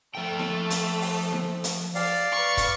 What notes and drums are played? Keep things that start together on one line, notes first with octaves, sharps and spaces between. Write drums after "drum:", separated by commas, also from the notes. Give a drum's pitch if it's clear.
F3 A3 G5
drum: snare D#4
drum: hi-hat
drum: open hi-hat
drum: snare D#4
drum: hi-hat
D5 F5, drum: open hi-hat
B4 C#6
drum: kick, hi-hat